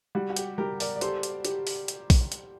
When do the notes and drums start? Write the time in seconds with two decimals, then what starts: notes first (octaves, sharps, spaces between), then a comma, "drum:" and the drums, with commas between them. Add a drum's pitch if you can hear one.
0.15 G3 F#4
0.30 F#4
0.37 G4, drum: hi-hat
0.58 G3 G4 A#4
0.80 A#4 D5, drum: open hi-hat
0.96 D5
1.01 G4 A4 C5, drum: hi-hat
1.23 drum: hi-hat
1.45 G4, drum: hi-hat
1.67 drum: open hi-hat
1.88 drum: hi-hat
2.10 drum: kick A#1, open hi-hat
2.32 drum: hi-hat